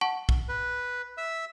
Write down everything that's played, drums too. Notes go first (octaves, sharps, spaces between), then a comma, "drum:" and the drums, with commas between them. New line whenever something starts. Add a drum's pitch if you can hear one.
F#5 A5 C#6
drum: kick
B4
E5 E6